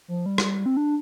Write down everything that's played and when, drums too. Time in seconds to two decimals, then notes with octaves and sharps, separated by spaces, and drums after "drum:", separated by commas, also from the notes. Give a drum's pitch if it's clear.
0.08 F3
0.26 G3
0.38 drum: rim click
0.66 C4
0.77 D4